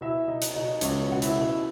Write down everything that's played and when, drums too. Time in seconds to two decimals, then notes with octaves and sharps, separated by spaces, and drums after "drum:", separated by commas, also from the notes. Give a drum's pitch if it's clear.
0.01 B2 E4 E5
0.28 B2 D#4 D#5
0.42 drum: hi-hat
0.55 B2 D#4 D#5
0.81 C#2 C#4 C#5, drum: hi-hat
1.09 B2 F#5
1.22 E4 E5, drum: hi-hat
1.36 B2